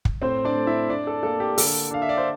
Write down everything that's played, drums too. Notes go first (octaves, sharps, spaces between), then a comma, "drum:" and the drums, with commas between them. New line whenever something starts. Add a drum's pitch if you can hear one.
drum: kick
A2 C4 C5
D4 D5
A3
E4 E5
D4 D5
A4
A#3 A4
G4
D3 A4, drum: open hi-hat
D4 F5
E5
D5
C5